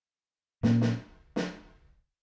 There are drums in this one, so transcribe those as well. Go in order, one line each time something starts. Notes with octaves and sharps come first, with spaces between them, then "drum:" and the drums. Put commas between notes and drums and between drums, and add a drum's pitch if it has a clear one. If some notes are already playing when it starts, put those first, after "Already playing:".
A#2 A#3 C#4, drum: snare
drum: snare
drum: snare